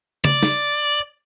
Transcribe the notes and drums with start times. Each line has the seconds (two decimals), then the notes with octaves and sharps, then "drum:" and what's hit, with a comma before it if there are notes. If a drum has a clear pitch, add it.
0.25 D5, drum: tom C#3
0.43 drum: snare